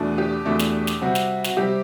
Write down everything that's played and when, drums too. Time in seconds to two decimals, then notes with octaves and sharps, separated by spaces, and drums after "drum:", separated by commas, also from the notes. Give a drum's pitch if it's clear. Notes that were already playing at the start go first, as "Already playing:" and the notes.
Already playing: E2 B2 A3 D4
0.18 G4
0.45 E2 B2 A3 D4
0.59 drum: snare
0.87 drum: snare
1.01 C3 G3 C4 F#4
1.15 drum: snare
1.44 F#4, drum: snare
1.57 C3 G3 C4 G4